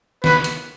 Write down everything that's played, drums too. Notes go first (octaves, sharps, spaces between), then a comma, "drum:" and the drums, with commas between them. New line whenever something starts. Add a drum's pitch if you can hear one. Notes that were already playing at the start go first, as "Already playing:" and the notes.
B4, drum: snare
drum: hi-hat